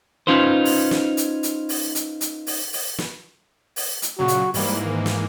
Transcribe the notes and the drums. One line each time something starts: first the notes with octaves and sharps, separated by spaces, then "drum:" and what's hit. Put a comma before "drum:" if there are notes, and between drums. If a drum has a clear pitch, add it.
C#4 D#4 F4 B4 C5
drum: open hi-hat
drum: snare
drum: hi-hat
drum: hi-hat
drum: open hi-hat
drum: hi-hat
drum: hi-hat
drum: open hi-hat
drum: open hi-hat
drum: snare
drum: open hi-hat
drum: hi-hat
A#2 C#3 F#3 F#4
drum: hi-hat
G#2 E3 G3 A#3, drum: open hi-hat
D#3
drum: snare